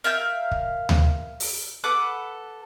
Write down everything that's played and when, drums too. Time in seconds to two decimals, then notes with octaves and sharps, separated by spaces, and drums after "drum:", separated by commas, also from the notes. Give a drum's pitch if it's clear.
0.04 A#4 E5 F5 G6
0.51 drum: kick
0.89 drum: tom D2
1.40 drum: open hi-hat
1.84 A4 B4 F#5 D6